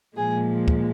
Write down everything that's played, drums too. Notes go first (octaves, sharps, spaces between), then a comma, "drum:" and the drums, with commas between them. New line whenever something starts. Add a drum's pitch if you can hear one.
A#2 F3 G#3 G#4
drum: kick